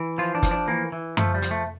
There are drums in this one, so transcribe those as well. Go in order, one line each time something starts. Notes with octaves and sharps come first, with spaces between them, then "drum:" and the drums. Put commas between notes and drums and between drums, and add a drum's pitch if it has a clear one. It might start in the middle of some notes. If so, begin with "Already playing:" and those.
Already playing: E3
F3 F4
D4
F3, drum: kick, hi-hat
D4
E3 A#3
E3
F3 A3, drum: tom F#2
G3
F3, drum: hi-hat
A3